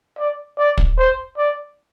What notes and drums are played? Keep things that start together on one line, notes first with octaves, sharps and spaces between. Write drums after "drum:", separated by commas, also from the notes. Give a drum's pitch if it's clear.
D5
D5
drum: kick
C5
D5